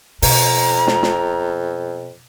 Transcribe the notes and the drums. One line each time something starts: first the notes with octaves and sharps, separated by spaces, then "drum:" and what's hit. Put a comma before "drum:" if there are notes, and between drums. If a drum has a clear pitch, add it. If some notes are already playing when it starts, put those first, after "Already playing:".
F2 B2 A#5, drum: open hi-hat
drum: snare
drum: snare